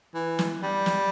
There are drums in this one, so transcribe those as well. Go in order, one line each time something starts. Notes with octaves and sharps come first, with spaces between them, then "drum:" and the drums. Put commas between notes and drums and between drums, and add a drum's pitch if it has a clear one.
E3
drum: snare
G3
drum: snare